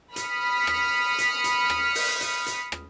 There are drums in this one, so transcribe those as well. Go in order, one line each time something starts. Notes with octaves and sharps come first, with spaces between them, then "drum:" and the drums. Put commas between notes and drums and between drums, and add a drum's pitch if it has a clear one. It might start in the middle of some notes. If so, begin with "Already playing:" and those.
B5 D#6 F6 B6 C#7, drum: hi-hat
drum: rim click
drum: hi-hat
drum: hi-hat
drum: rim click
drum: open hi-hat
drum: hi-hat
drum: hi-hat
drum: rim click